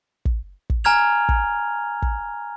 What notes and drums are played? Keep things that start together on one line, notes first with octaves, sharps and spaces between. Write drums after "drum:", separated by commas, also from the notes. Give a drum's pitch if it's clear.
drum: kick
drum: kick
G#5 A#5 F6 G#6 F7
drum: kick
drum: kick